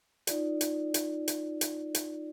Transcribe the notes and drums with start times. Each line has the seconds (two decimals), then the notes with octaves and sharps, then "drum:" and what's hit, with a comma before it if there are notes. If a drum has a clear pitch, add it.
0.27 D#4 F4 D5, drum: hi-hat
0.61 drum: hi-hat
0.94 drum: hi-hat
1.28 drum: hi-hat
1.61 drum: hi-hat
1.95 drum: hi-hat